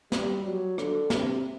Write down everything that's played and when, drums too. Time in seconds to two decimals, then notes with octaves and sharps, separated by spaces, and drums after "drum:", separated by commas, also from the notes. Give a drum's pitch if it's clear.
0.12 G3, drum: snare
0.45 F#3
0.78 D3, drum: rim click
1.10 C3, drum: snare